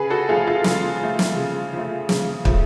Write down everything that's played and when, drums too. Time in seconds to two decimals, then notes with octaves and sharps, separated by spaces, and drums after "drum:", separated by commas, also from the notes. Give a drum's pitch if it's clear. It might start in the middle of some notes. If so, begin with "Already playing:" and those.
Already playing: C#3 G#4 B4
0.10 F#4 A4
0.29 F3 A3 F4 G#4
0.47 F4 G#4
0.64 C#3 F4 G#4, drum: snare
1.01 F3 A3
1.19 drum: snare
1.36 C#3
1.73 F3 A3
2.09 C#3, drum: snare
2.45 F3 A3, drum: kick